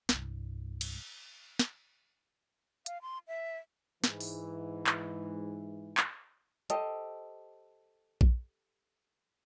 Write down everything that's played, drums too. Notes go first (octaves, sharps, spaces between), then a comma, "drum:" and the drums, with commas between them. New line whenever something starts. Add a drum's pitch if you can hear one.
C2 G2, drum: snare
drum: cymbal
drum: snare
F5, drum: hi-hat
C6
E5
G#2 E3, drum: snare
drum: open hi-hat
drum: clap
drum: clap
G4 A4 C5 D#5, drum: hi-hat
drum: kick A#1